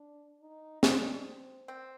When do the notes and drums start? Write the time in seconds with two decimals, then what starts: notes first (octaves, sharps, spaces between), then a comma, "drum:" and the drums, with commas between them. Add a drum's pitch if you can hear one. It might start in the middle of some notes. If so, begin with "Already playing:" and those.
Already playing: D4
0.41 D#4
0.83 G#3 D4, drum: snare
1.25 C4
1.68 C4